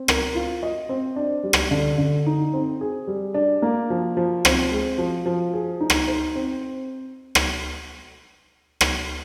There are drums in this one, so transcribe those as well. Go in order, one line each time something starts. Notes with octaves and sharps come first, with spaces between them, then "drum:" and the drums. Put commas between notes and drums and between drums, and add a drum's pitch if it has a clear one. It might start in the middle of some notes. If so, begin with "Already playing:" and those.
Already playing: C4
A#4, drum: rim click
F4
D#5
C4
D4
G3
drum: rim click
D3
D3
D#4
C4
G#4
G3
D4
A#3
F3
F3
C4, drum: rim click
G#3
F3
F3
G#4
D#4
drum: rim click
C5
C4
drum: rim click
drum: rim click